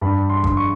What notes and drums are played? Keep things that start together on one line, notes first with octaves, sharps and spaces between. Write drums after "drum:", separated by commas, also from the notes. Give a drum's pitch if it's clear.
G2 B5
C6
G2, drum: kick
C#6